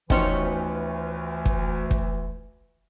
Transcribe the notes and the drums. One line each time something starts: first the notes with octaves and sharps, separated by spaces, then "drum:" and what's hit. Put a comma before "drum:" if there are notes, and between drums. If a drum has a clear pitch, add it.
D2 E3 F3 B3 C#4 D#4 G4 C#5, drum: kick
drum: kick
drum: kick